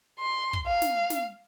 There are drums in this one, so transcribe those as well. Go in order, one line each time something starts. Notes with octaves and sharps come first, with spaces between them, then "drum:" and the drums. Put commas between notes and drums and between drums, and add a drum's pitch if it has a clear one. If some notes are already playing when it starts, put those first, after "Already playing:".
C6
drum: kick
F5
drum: snare
drum: snare